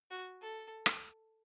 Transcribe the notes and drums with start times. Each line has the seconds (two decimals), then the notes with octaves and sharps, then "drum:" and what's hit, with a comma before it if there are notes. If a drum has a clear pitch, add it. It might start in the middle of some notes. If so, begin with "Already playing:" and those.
0.11 F#4
0.41 A4
0.86 drum: rim click